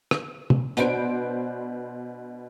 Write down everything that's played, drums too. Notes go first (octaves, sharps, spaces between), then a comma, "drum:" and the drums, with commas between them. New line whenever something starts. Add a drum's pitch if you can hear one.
drum: rim click
drum: tom
B2 D4 B4 C5 D7, drum: hi-hat